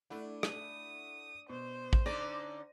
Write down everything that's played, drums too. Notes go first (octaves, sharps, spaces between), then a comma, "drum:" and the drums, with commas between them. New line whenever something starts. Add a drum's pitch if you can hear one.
A3 D4 E4 F#5
D#6, drum: rim click
B2 C5
drum: kick A1
D3 C#4 D#4 D5 A#6 D#7